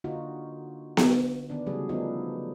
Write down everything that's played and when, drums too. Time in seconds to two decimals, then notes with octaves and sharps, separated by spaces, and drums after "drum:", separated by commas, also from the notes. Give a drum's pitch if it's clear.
0.04 D3 A#3 D#4 F4 F#4
0.97 D3, drum: snare B3
1.50 D#3 B3 D4
1.66 C#3 E3 F#3 G3 A3 G#4
1.89 F3 A3 B3 D4 D#4